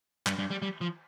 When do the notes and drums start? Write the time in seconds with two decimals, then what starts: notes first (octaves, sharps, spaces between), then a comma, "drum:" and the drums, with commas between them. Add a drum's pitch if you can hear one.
0.27 G2, drum: clap
0.39 G2
0.51 G3
0.62 G3
0.81 F3